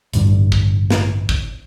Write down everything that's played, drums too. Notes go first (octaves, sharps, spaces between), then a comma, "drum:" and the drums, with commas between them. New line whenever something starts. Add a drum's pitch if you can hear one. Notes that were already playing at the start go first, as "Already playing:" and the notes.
A1 G2 D3, drum: hi-hat
drum: kick
drum: snare
drum: kick